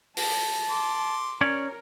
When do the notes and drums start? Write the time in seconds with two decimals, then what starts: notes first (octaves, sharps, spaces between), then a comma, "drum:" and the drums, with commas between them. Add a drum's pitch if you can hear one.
0.17 A5, drum: open hi-hat
0.70 C6 D6
1.41 C#4 A#4 C#5 D5